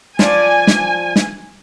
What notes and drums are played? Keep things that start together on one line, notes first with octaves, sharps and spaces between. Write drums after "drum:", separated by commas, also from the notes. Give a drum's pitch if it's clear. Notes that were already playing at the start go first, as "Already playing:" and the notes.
F3 D5 G#5, drum: snare
drum: snare
drum: snare